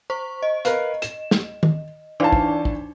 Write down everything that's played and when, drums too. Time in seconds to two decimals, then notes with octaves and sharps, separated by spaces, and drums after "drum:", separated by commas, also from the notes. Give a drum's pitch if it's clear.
0.10 C5 C#6
0.42 D#5
0.65 A#4 B4 F5, drum: hi-hat
1.02 E7, drum: hi-hat
1.31 drum: snare
1.63 drum: tom
2.20 E3 D4 D#4 D5 F5 A5
2.33 drum: kick
2.65 drum: kick